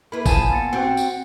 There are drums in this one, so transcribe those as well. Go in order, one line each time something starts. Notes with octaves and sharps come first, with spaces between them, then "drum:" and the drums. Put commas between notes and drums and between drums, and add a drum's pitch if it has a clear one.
A#3 E4 B4 B5
E2 F3 A#3 G#4 G#5 A5, drum: kick, tambourine
B3 A6 C#7
C4 F#4 G4 F#5
drum: tambourine